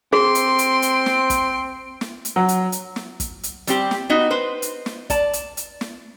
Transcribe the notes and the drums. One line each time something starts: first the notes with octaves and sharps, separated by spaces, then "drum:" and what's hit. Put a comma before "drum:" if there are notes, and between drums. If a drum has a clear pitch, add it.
C4 G#4 C6 D7
drum: hi-hat
drum: hi-hat
drum: hi-hat
drum: snare
drum: kick, hi-hat
drum: snare
drum: hi-hat
F#3
drum: hi-hat
drum: hi-hat
drum: snare
drum: kick, hi-hat
drum: hi-hat
G3 C4 G4, drum: hi-hat
drum: snare
B3 D#4 F#4
B4 C5
drum: hi-hat
drum: snare
D5 A5, drum: kick, hi-hat
drum: hi-hat
drum: hi-hat
drum: snare